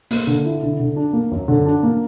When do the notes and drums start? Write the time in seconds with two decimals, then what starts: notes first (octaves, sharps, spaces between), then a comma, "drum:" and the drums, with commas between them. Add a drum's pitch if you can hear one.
0.11 A#3, drum: open hi-hat
0.27 D3
0.45 E4
0.63 D3
0.80 D3
0.96 D4
1.13 A#3
1.32 F#2
1.48 D3
1.66 D4
1.83 A#3